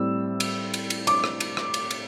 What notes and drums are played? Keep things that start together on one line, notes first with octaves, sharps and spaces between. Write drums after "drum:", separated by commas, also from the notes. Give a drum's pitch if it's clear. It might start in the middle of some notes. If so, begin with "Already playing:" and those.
Already playing: A2 G3 C4 E6
drum: cymbal
drum: cymbal
drum: cymbal
D6, drum: cymbal
drum: rim click
drum: cymbal
drum: rim click
drum: cymbal
drum: cymbal